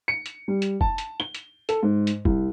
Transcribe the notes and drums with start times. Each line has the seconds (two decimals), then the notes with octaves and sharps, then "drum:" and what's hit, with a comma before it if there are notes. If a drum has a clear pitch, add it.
0.08 C#7
0.26 drum: hi-hat
0.48 G3
0.62 drum: hi-hat
0.81 A5, drum: kick
0.98 drum: hi-hat
1.20 G7
1.35 drum: hi-hat
1.69 A4, drum: hi-hat
1.83 G#2
2.07 drum: hi-hat
2.25 C2, drum: kick